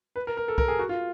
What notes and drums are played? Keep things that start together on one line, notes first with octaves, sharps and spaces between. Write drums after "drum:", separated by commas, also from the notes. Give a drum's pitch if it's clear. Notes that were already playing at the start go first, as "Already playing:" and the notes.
B4
A#4
A#4
A4
A#4, drum: kick C2
G#4
F#4
F4